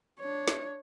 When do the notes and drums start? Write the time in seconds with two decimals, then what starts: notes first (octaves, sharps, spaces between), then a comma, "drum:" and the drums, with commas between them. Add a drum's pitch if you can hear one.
0.20 D4 C#5
0.48 drum: snare